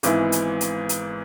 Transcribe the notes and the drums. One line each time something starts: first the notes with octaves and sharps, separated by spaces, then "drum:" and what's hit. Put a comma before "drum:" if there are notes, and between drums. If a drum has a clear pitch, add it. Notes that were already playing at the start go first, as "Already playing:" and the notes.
G#1 G#2 E3 B3 E4, drum: hi-hat
drum: hi-hat
drum: hi-hat
drum: hi-hat